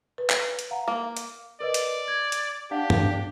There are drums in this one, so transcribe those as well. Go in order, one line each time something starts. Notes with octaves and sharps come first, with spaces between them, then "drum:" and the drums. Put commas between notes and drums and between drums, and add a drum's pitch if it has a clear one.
B4
drum: clap
drum: hi-hat
F5 F#5 A#5
A#3
drum: hi-hat
A#4 B4 D5 D#5
drum: hi-hat
G#6
drum: hi-hat
D4 G4 F5 F#5 A5
drum: tom